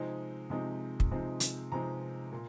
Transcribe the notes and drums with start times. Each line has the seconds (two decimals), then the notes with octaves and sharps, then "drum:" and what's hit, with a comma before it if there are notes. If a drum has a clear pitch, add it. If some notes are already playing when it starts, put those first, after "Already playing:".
Already playing: C3 F3 G#3 C4 D#4
0.50 C3 F3 G#3 C4 D#4
1.00 drum: kick
1.11 C3 F3 G#3 C4 D#4
1.40 drum: hi-hat
1.72 C3 F3 G#3 C4 D#4 A#5
2.32 A#2